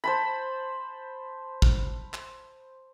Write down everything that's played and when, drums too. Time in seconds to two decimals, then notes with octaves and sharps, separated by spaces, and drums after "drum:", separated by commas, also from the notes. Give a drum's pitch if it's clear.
0.04 C5 A5 B5
1.62 drum: kick G#1
2.14 drum: clap